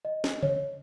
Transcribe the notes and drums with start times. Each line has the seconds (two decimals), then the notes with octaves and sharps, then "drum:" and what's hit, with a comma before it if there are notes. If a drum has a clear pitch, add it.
0.05 D#5
0.24 drum: snare
0.43 C#5, drum: tom C#3